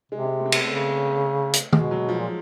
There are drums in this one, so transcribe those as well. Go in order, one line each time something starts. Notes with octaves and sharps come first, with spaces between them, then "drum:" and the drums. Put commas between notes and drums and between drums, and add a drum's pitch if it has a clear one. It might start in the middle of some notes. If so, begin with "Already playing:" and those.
C3 G#3
G#3
A3
C4
B3, drum: cymbal
C#3 A3
drum: hi-hat
B2 G#3, drum: tom
F#3
F3
A#2